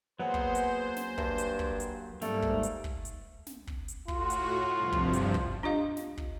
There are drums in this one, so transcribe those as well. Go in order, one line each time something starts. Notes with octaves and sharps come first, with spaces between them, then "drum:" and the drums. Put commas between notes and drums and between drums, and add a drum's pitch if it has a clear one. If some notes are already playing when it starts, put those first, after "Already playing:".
F#3 A#3 B3 G#4 C5
drum: kick
drum: hi-hat
drum: snare
G2, drum: kick
drum: hi-hat
drum: kick
drum: hi-hat
G#2 G3 A3 A#3, drum: snare
drum: kick
drum: hi-hat
drum: kick
drum: hi-hat
drum: snare
drum: kick
drum: hi-hat
A2 F4 F#4, drum: kick
drum: hi-hat
G2 C3 F3
drum: kick
drum: hi-hat
drum: kick
D4 F4 G4 D#5 F5
drum: snare
drum: kick